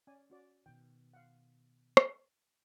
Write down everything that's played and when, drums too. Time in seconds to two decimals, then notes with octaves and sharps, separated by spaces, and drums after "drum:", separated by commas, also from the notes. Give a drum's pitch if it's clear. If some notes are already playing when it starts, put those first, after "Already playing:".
0.07 C#4 D5 G#5
0.30 C#4 F#4 D5
0.66 B2 D#3 G5
1.14 F5 F#5
1.97 drum: rim click